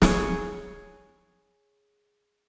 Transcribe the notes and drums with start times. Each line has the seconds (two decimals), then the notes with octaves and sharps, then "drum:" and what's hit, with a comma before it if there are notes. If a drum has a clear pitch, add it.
0.02 G#4 C#5, drum: snare